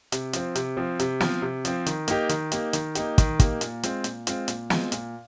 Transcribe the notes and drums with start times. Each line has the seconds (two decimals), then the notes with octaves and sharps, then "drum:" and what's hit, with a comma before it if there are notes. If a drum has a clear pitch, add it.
0.12 C3, drum: hi-hat
0.33 F3 C4, drum: hi-hat
0.55 C3, drum: hi-hat
0.77 F3 C4
0.99 C3, drum: hi-hat
1.20 F3 C4, drum: snare
1.42 C3
1.65 F3 C4, drum: hi-hat
1.86 D#3, drum: hi-hat
2.08 A#3 D#4 G4, drum: hi-hat
2.29 D#3, drum: hi-hat
2.52 A#3 D#4 G4, drum: hi-hat
2.73 D#3, drum: hi-hat
2.95 A#3 D#4 G4, drum: hi-hat
3.18 D#3, drum: kick, hi-hat
3.40 A#3 D#4 G4, drum: kick, hi-hat
3.61 A#2, drum: hi-hat
3.83 G#3 C4 F4, drum: hi-hat
4.04 A#2, drum: hi-hat
4.27 G#3 C4 F4, drum: hi-hat
4.48 A#2, drum: hi-hat
4.70 G#3 C4 F4, drum: snare
4.92 A#2, drum: hi-hat